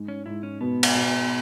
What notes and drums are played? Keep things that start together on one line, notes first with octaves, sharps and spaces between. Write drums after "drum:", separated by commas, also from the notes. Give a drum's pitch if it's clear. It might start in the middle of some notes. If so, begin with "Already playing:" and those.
Already playing: G#2
C#4
G#2 E4
C#4
B2 B3
drum: cymbal
B2